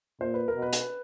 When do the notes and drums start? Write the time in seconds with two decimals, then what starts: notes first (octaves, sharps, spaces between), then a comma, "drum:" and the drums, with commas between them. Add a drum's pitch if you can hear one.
0.21 A#2 C5
0.34 B4
0.48 A#4
0.55 B2
0.62 B4
0.73 drum: hi-hat